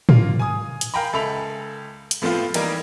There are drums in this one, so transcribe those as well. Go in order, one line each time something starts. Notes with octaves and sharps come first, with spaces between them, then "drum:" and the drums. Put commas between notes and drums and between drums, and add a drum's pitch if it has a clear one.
A#3 F4, drum: tom
G#5 D#6
drum: hi-hat
A#4 F5 G5 G#5 A#5 B5
C#2 A4 E5 B5 F7
drum: hi-hat
A2 F3 A3 B3 C4 F4
E3 G3 A#3 D#4 G4 A#4, drum: cymbal